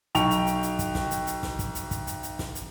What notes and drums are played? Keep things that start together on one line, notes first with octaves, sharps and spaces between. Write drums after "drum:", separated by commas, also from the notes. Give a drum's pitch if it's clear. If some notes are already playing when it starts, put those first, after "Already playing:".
B1 G5 C#6 F7, drum: hi-hat
drum: hi-hat
drum: hi-hat
drum: hi-hat
drum: kick, hi-hat
drum: snare
drum: hi-hat
drum: hi-hat
drum: snare
drum: kick, hi-hat
drum: hi-hat
drum: kick, hi-hat
drum: hi-hat
drum: hi-hat
drum: snare
drum: hi-hat